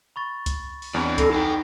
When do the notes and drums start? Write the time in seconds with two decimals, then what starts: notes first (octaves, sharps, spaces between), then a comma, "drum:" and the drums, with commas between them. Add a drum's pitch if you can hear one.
0.16 B5 C#6 A6
0.46 drum: kick C2, hi-hat
0.82 drum: open hi-hat
0.94 E2 C4 D4 D5 B5 F6
1.18 A4 B5 A#6 C7, drum: kick C2, hi-hat
1.33 D#4 A4 F#5 G5